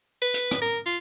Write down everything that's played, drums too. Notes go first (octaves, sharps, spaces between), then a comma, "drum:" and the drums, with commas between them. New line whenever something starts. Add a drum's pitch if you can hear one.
B4
drum: hi-hat
drum: rim click
A#4
F4